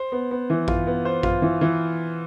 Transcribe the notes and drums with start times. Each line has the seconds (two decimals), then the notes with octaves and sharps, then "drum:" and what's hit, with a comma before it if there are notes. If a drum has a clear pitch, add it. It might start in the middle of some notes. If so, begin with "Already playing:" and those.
Already playing: C5
0.12 B3
0.31 B3
0.50 E3
0.68 F4, drum: kick A1
0.87 B3
1.05 C5
1.23 F4, drum: kick A1
1.42 E3
1.61 E3